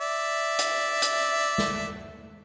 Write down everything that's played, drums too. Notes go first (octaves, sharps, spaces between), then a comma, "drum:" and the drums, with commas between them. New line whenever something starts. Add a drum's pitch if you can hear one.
D5 E5
drum: hi-hat
drum: hi-hat
drum: snare